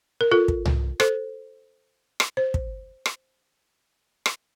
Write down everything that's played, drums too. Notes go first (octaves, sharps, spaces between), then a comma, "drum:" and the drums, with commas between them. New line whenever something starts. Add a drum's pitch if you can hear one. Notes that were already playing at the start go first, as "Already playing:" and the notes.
A#4
F4 A4
drum: kick
drum: tom C2
A4 C5, drum: rim click
drum: rim click
C5
drum: kick
drum: rim click
drum: rim click